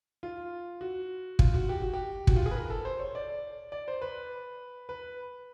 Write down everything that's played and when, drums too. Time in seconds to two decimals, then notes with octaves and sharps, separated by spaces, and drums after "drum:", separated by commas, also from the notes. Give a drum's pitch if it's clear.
0.23 F4
0.81 F#4
1.39 F4, drum: kick
1.54 F#4
1.69 G4
1.82 F#4
1.93 G4
2.27 F#4, drum: kick
2.36 F4
2.46 G#4
2.51 B4
2.56 A#4
2.70 A4
2.85 C5
2.99 C#5
3.15 D5
3.72 D5
3.88 C5
4.02 B4
4.89 B4